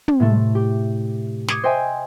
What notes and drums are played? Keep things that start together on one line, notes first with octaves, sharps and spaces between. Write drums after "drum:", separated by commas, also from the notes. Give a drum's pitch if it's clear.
drum: tom
A2 C3 A3
G4
D6 D#6 G#6 C7 C#7, drum: snare
C5 D#5 E5 G5 G#5